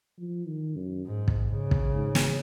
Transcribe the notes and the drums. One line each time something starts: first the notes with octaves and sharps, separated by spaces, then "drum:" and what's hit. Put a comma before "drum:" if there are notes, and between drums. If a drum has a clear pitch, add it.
F3
D#3
F#2
G#2
drum: kick
C#3
drum: kick
G#2
drum: snare